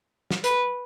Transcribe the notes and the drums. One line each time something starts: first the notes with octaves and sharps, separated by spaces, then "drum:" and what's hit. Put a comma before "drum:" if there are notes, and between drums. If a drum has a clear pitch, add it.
drum: snare
B4, drum: hi-hat